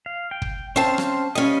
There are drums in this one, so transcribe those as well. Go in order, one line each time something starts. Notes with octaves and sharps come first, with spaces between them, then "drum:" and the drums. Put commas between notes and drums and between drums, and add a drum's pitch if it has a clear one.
F5
G5
drum: kick
C4 C#4 C5 F5 A5
drum: rim click
G3 C#4 D#5 F5